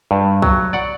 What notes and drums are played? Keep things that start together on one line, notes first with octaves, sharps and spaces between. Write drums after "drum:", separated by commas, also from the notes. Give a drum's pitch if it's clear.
G2
F#3, drum: kick B1
D5 F#5